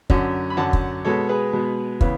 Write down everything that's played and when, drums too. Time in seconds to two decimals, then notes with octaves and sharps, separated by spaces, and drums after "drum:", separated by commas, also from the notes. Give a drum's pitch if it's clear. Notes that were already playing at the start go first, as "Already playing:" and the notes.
0.10 F#2 D3 F#3 C#4, drum: kick
0.50 B5
0.57 F#2 D3 F#3 C#4 F#5 A5
0.73 drum: kick
1.04 B2 G#3 B3 A4 C#5
1.29 G#4 B4
1.53 B2 G#3 B3
2.01 C#3 E3 B3, drum: kick